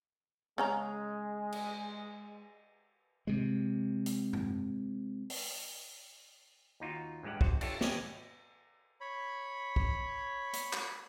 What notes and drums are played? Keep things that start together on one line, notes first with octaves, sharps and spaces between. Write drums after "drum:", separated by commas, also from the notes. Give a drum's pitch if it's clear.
C#3 G#3 C#4 A#5
drum: cymbal
C3 G#3
drum: hi-hat
drum: tom F#2
drum: open hi-hat
D#2 D#4 F4 F#4
A1 G2 G#3 G4 F#5
E2 F#4 C5, drum: kick
D4 F4 G4 A4 C#5 E5, drum: cymbal
G4 C#5 D#5 G#5, drum: snare
C#5 B5
drum: kick
drum: hi-hat
drum: clap